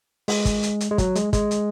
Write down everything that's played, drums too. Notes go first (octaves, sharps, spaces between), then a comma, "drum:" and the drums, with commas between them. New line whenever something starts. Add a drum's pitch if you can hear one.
G#3, drum: open hi-hat
drum: kick, hi-hat
drum: hi-hat
drum: hi-hat
G#3
F#3, drum: kick, hi-hat
G#3, drum: hi-hat
G#3, drum: kick, hi-hat
drum: hi-hat